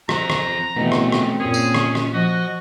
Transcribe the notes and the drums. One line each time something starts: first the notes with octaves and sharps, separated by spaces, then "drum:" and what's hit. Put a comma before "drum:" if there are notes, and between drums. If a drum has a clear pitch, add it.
F3 C4 A#5, drum: rim click
drum: rim click
B2 E3 A3 C4 C#4
drum: rim click
drum: rim click
A#2 C#4 G#4 A#4
drum: tambourine
drum: rim click
drum: rim click
F3 F#4 D#5